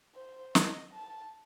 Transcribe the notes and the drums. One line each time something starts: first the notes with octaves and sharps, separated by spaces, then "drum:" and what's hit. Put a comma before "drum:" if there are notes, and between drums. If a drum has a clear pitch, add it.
C5
D#5, drum: snare
A5